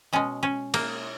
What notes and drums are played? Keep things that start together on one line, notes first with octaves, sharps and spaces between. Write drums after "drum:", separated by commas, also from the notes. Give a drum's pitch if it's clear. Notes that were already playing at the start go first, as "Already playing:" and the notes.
B2 G#3 C#4
C#4
A#3, drum: cymbal